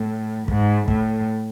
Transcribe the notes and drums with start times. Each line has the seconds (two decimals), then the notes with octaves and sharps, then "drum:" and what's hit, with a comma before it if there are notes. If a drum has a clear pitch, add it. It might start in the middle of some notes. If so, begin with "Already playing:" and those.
Already playing: A2
0.48 G#2, drum: kick
0.88 A2, drum: kick